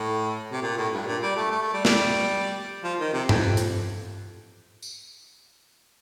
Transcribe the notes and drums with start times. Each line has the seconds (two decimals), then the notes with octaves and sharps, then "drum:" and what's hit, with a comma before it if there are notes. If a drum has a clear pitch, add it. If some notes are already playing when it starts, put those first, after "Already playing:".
Already playing: A2
0.52 C3
0.62 A#2
0.77 A2
0.93 G2
1.07 A#2
1.22 G3
1.37 A3
1.51 A3
1.62 A3
1.73 G3
1.85 G3, drum: snare
2.84 F3
2.99 D#3
3.13 C3
3.29 F2, drum: tom G2
3.57 drum: hi-hat
4.82 drum: tambourine